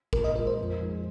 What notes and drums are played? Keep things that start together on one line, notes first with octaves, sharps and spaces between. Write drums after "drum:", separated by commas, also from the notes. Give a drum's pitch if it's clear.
A#2 A#4, drum: kick
D#5
G#3 F4 A#4
C5
F2
F3 G#3 D#4